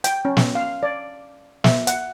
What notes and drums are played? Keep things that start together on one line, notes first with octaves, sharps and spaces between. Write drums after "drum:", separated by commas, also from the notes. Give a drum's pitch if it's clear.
G5, drum: hi-hat
C#4
drum: snare
F5
D5
E5, drum: snare
F#5, drum: hi-hat